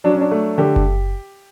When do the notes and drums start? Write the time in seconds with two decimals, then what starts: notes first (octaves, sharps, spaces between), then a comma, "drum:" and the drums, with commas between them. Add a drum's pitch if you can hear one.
0.04 F#3 D4
0.13 C#4
0.21 D4
0.31 A3
0.58 D3 G4
0.76 drum: kick F#1